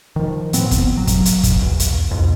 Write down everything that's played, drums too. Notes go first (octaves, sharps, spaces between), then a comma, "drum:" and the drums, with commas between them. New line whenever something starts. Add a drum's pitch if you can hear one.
D#3 F3
A2 B3 C4, drum: hi-hat
drum: kick, hi-hat
F#3
drum: kick, hi-hat
drum: hi-hat
drum: kick, hi-hat
B1 E2
drum: hi-hat
C2 F2 G#2 B2